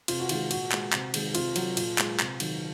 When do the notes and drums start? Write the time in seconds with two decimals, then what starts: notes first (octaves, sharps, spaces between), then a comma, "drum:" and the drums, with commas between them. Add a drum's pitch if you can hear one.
0.08 C3 F4, drum: cymbal
0.20 F#4
0.29 D#3 G#3 F4, drum: cymbal
0.51 A#2 F#4, drum: cymbal
0.72 G#3, drum: clap
0.93 C3, drum: clap
1.14 D#3 G#3, drum: cymbal
1.35 C3 F4, drum: cymbal
1.56 F#3, drum: cymbal
1.77 A#2, drum: cymbal
1.98 G#3, drum: clap
2.20 C3, drum: clap
2.40 D#3 F#3, drum: cymbal